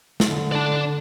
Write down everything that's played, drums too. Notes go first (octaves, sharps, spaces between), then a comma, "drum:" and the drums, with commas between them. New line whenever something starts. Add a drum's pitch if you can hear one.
D3, drum: snare
D5 A5